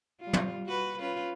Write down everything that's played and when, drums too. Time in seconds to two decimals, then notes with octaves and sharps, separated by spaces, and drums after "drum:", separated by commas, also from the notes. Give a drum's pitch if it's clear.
0.20 G3 F4
0.33 drum: tom
0.66 F#4 B4
0.99 C#4 F4 B4